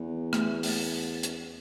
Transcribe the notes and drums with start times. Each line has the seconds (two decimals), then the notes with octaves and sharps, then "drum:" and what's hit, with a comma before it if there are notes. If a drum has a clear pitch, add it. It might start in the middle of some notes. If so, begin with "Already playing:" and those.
Already playing: E2
0.33 A3, drum: rim click
0.63 drum: open hi-hat
1.23 drum: hi-hat